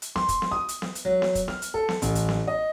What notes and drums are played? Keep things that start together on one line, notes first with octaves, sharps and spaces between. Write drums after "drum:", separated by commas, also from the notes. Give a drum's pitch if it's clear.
drum: hi-hat
C6, drum: snare B3
drum: kick, hi-hat
drum: snare B3
D#6
drum: hi-hat
drum: snare B3
drum: hi-hat
F#3
drum: snare B3
drum: kick, hi-hat
F6, drum: snare B3
drum: hi-hat
A4
drum: snare B3
A1, drum: hi-hat
drum: hi-hat
drum: snare B3
D#5